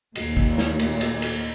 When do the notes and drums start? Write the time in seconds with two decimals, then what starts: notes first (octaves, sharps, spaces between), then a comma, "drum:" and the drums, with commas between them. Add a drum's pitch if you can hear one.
0.16 D#2 A#2, drum: cymbal
0.37 drum: kick
0.58 drum: snare
0.79 drum: cymbal
1.01 drum: cymbal
1.22 drum: cymbal